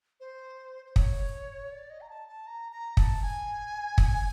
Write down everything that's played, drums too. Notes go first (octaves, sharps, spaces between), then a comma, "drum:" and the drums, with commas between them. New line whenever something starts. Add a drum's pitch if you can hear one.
C5
C5
C#5, drum: kick
D5
D#5
A#5
A5
A5
A#5
A#5
A5, drum: kick
G#5
drum: kick